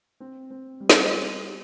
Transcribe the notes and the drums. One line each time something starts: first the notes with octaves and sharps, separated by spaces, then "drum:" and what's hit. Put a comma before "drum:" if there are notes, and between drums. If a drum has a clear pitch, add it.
C4
C4
G3
drum: snare
B3
G4